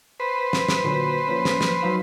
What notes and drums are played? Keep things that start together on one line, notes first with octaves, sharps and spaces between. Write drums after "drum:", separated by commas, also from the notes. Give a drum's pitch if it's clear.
B4 C5
drum: snare
drum: snare
A#2 D3 F#3
F3 A#3 C#4
drum: snare
drum: snare
F#3 D#4 F5